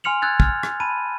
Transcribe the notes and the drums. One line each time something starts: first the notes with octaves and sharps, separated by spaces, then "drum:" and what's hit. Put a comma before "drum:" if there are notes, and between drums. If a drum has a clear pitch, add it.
G#5 C6 F6 C#7 F7 F#7
E6 F#6 G#6 A6
F6, drum: kick
drum: rim click
A5 B5 D#7